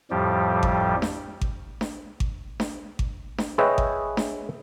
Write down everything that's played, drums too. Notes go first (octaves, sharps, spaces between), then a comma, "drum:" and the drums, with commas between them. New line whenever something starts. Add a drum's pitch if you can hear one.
F2 A2 F3 G3 G4
drum: kick G#1
drum: snare D4
drum: kick G#1
drum: snare D4
drum: kick G#1
drum: snare D4
drum: kick G#1
drum: snare D4
G#4 B4 C#5 D#5 E5 G5
drum: kick G#1
drum: snare D4